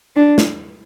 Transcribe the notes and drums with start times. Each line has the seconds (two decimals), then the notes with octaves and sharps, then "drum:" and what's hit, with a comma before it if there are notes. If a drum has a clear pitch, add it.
0.16 D4
0.38 drum: snare